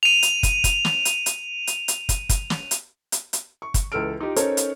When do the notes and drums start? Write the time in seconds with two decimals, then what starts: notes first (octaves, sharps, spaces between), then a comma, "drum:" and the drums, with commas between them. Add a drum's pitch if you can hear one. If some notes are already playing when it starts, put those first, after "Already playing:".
0.03 D#7 F7
0.23 drum: hi-hat
0.43 drum: kick, hi-hat
0.64 drum: kick, hi-hat
0.85 drum: snare
1.05 drum: hi-hat
1.26 drum: hi-hat
1.67 drum: hi-hat
1.88 drum: hi-hat
2.09 drum: kick, hi-hat
2.29 drum: kick, hi-hat
2.50 drum: snare
2.71 drum: hi-hat
3.12 drum: hi-hat
3.33 drum: hi-hat
3.62 C#6
3.74 drum: kick, hi-hat
3.92 C#2 E3 A4 E6 F6 D7
4.20 D#4 F4 G4
4.36 C#4 D#4 A4 A#4 C5 C#5, drum: hi-hat
4.57 drum: hi-hat